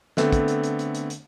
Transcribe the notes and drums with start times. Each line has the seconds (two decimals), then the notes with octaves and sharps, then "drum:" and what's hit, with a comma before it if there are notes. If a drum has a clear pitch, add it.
0.17 D3 A3 B3 C4, drum: snare
0.32 drum: kick, hi-hat
0.48 drum: hi-hat
0.64 drum: hi-hat
0.79 drum: hi-hat
0.95 drum: hi-hat
1.10 drum: hi-hat